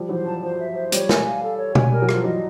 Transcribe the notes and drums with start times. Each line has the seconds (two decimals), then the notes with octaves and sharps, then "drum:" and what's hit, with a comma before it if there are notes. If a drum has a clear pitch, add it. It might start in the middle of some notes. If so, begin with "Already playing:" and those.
Already playing: F3 G3
0.09 E3 F#3 C5
0.26 F3 A5
0.42 F3 C5
0.59 E5
0.75 C5
0.92 F3 G3 C#5, drum: hi-hat
1.09 G#5, drum: snare
1.25 F5
1.42 A4
1.58 C#5
1.75 G#5, drum: tom
1.91 G3 A#4
2.02 F#3
2.09 F4, drum: rim click
2.14 F3
2.24 E3 F#3 D#5